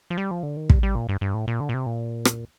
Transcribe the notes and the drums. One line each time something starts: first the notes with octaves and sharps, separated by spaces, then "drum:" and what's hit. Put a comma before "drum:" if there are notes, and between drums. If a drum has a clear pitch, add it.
F3
G3
F3
D3
D#3
G3, drum: kick
G3
A#2
G2
G2
A2
A#2
D3
A#2
C3
A#2
drum: rim click